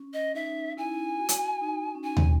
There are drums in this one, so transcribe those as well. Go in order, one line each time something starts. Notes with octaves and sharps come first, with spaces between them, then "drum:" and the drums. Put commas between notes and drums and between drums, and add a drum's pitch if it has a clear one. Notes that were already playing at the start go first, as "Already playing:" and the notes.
Already playing: C#4
D#5
D#4 E5
E4 G#5
F#4
drum: hi-hat
D#4
C#4
D#4 G#5
drum: tom D#2